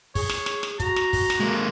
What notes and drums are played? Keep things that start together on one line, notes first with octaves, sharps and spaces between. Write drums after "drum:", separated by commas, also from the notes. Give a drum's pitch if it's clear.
G#4 C#5, drum: kick, open hi-hat
drum: snare
drum: snare
drum: snare
F#4 A#5, drum: kick, hi-hat
drum: snare
drum: kick, open hi-hat
drum: snare
G#3 A#3